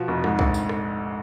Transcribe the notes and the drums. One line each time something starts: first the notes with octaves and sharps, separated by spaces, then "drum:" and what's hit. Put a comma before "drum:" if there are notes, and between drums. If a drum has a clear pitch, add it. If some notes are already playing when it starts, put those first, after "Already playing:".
Already playing: B2 F3
F1
G#2, drum: rim click
A#1, drum: kick B1
drum: tambourine
drum: rim click